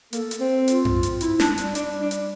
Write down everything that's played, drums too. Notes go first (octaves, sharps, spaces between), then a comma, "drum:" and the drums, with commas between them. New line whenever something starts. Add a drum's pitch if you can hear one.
A#3 A4, drum: hi-hat
drum: hi-hat
C4
F4, drum: hi-hat
drum: tom F#2
drum: hi-hat
E4, drum: hi-hat
D4, drum: snare
G3, drum: hi-hat
D4, drum: hi-hat
D4
drum: hi-hat